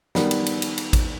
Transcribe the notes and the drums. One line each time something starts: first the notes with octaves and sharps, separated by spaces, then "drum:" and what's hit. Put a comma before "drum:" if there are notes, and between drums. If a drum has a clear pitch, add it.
D#3 G3 B3, drum: snare
drum: cymbal
drum: cymbal
drum: cymbal
drum: cymbal
drum: kick A1, cymbal